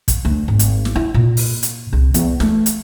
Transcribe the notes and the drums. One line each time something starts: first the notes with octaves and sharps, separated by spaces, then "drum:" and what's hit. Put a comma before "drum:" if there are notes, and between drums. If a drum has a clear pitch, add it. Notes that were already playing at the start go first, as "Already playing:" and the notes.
drum: kick, hi-hat
D2
G#1
drum: hi-hat
drum: snare
E4
A#2
drum: open hi-hat
drum: hi-hat
C2
E2, drum: hi-hat
A3, drum: snare
drum: hi-hat